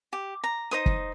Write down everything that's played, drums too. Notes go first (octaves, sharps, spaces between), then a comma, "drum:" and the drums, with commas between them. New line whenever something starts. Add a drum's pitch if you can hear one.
G4
A#5
D#4 C5 D#6
drum: kick